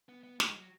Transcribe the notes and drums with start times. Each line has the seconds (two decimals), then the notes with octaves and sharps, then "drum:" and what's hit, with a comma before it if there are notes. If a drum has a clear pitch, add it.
0.09 B3
0.24 B3
0.40 G#3, drum: snare
0.54 F#3